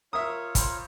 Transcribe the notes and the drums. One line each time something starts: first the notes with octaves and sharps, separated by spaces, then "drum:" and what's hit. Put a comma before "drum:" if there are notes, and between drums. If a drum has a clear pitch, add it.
F4 A#4 C#5 E5 D#6
C5 A#5 B5, drum: kick, hi-hat